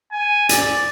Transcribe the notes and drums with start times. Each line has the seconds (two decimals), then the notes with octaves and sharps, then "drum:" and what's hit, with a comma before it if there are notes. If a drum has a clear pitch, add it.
0.12 G#5
0.49 D5, drum: hi-hat